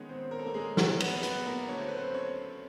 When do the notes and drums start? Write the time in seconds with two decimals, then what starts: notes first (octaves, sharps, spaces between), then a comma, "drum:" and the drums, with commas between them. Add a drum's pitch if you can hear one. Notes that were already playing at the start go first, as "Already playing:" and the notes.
Already playing: D#3 G#3 B3 C#4 C#5
0.09 C4 C5
0.31 A#4
0.39 A4
0.46 A#3 A#4
0.54 G#3 G#4
0.77 F#3 F#4, drum: snare
1.00 B3 B4, drum: cymbal
1.23 B3 B4, drum: hi-hat
1.46 A#3 A#4
1.68 D3 F#3 A3 C#5
1.78 C5
1.88 B4
1.98 C4 C5
2.14 C#4 C#5